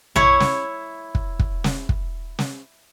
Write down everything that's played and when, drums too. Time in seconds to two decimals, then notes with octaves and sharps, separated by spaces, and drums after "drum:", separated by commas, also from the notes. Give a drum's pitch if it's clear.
0.16 E4 C#5, drum: tom A#1
0.40 drum: snare
1.15 drum: kick
1.39 drum: kick
1.64 drum: snare
1.89 drum: kick
2.39 drum: snare